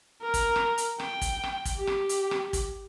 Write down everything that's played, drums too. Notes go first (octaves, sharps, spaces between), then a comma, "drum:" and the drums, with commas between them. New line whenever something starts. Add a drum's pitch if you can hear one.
A#4
drum: kick, hi-hat
drum: rim click
drum: hi-hat
G5, drum: rim click
drum: kick, hi-hat
drum: rim click
drum: kick, hi-hat
G4
drum: rim click
drum: hi-hat
drum: rim click
drum: kick, hi-hat